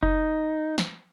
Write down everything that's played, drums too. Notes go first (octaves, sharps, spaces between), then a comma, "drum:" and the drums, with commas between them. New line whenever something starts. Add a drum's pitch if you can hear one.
D#4, drum: kick F#1
drum: snare